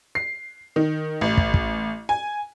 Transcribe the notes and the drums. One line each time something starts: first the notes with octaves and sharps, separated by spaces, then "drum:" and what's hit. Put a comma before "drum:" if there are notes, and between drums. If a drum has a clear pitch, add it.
C7
D#3
A1
drum: kick
drum: kick
G#5